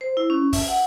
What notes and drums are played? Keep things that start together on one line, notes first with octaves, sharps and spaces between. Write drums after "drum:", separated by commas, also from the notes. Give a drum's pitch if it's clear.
C5
E4
C#4
E5, drum: kick, open hi-hat
F#5